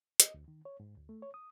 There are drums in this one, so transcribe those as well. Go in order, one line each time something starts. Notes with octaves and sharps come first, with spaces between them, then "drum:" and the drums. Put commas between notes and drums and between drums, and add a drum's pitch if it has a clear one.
D#5, drum: hi-hat
D2
D#3
C#5
G#2
D2
A3
C#5
D#6